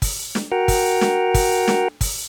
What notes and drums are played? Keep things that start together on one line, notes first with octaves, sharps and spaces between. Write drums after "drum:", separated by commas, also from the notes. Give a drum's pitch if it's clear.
drum: kick, open hi-hat
drum: snare
F#4 A#4 F#5 G5 A#5
drum: kick, open hi-hat
drum: snare
drum: kick, open hi-hat
drum: snare
drum: kick, open hi-hat